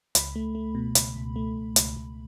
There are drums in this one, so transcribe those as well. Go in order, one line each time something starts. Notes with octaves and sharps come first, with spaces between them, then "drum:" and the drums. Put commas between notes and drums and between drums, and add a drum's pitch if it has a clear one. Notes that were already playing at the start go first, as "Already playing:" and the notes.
C#2 B5, drum: hi-hat
A3
A3
B2
C#2 B5, drum: hi-hat
C#2
A3
C#2
C#2, drum: hi-hat
C#2